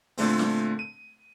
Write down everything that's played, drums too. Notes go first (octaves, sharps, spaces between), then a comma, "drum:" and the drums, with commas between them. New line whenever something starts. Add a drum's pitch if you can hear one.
A#2 D3 A3 C4, drum: open hi-hat
drum: snare
D#7